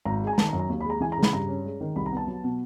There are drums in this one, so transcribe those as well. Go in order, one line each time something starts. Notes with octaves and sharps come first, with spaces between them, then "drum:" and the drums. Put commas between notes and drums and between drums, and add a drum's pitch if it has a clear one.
G#1 A#5
G#3 G#5
A#5
D#3 A5, drum: snare
A#5
F#2
A#5
D#2
B5
G#3
A#5
E3 G#5
A#5
C#3
B5, drum: snare
G2 A#5
C#4
G#3
D#3
C2 B5
A#5
B3 A5
F#3
B2